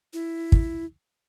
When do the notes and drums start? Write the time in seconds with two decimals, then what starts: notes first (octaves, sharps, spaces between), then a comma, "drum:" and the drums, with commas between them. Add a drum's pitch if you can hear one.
0.14 E4
0.52 drum: kick